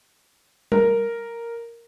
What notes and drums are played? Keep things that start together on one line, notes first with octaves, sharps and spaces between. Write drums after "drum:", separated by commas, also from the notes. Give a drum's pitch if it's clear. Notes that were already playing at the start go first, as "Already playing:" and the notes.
A#4, drum: tom G3